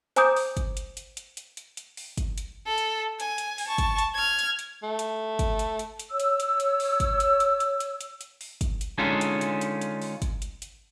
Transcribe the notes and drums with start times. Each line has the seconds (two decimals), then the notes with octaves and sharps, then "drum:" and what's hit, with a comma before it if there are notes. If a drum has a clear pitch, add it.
0.16 C5 G#5 A#5 D6 D#6 G6, drum: hi-hat
0.37 drum: open hi-hat
0.57 drum: kick, hi-hat
0.77 drum: hi-hat
0.97 drum: hi-hat
1.17 drum: hi-hat
1.37 drum: hi-hat
1.57 drum: hi-hat
1.77 drum: hi-hat
1.97 drum: open hi-hat
2.17 drum: kick, hi-hat
2.38 drum: hi-hat
2.66 A4
2.78 drum: hi-hat
3.20 G#5, drum: hi-hat
3.38 drum: hi-hat
3.58 drum: open hi-hat
3.67 A5 C#6
3.78 drum: kick, hi-hat
3.98 drum: hi-hat
4.14 F6 G#6
4.39 drum: hi-hat
4.59 drum: hi-hat
4.83 A3
4.99 drum: hi-hat
5.39 drum: kick, hi-hat
5.59 drum: hi-hat
5.79 drum: hi-hat
5.99 drum: hi-hat
6.10 C#5 E6
6.20 drum: hi-hat
6.40 drum: hi-hat
6.60 drum: hi-hat
6.80 drum: open hi-hat
7.00 drum: kick, hi-hat
7.20 drum: hi-hat
7.40 drum: hi-hat
7.60 drum: hi-hat
7.80 drum: hi-hat
8.01 drum: hi-hat
8.21 drum: hi-hat
8.41 drum: open hi-hat
8.61 drum: kick, hi-hat
8.81 drum: hi-hat
8.98 D3 G#3 C#4 D#4 F4 A4
9.21 drum: hi-hat
9.41 drum: hi-hat
9.61 drum: hi-hat
9.81 drum: hi-hat
10.02 drum: open hi-hat
10.22 drum: kick, hi-hat
10.42 drum: hi-hat
10.62 drum: hi-hat